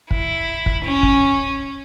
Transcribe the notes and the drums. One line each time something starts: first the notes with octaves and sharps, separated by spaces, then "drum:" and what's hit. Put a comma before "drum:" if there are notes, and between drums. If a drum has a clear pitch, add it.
E4, drum: kick
drum: kick
C#4
drum: kick